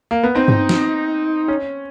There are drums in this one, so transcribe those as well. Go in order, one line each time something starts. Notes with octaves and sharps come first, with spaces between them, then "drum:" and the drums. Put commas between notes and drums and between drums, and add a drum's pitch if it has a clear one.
A#3
B3
C4 D#4
drum: tom G2
drum: snare C4
C#4